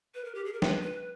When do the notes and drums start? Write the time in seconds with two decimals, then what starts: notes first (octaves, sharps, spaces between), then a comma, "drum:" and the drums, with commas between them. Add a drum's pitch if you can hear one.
0.15 B4
0.25 A#4
0.35 G4
0.45 G#4
0.53 A#4
0.62 B4, drum: snare
0.82 B4